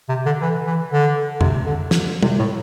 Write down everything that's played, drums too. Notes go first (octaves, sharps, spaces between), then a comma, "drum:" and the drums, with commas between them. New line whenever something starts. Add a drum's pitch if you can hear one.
C3
D3
E3
E3
D3
C3, drum: tom F2
D3
drum: snare
C3, drum: tom
A2